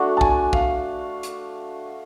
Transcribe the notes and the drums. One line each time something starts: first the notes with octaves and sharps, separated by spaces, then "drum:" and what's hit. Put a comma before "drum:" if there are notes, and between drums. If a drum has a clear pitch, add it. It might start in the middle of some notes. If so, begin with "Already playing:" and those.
Already playing: A3 D4 F#4
A5
G#5, drum: kick
F5, drum: kick
drum: hi-hat